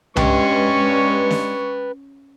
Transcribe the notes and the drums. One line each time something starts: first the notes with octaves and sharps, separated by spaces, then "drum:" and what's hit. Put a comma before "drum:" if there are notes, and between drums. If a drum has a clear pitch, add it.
G2 G#3 C#4 B4 G5 C#6, drum: tom C2
drum: snare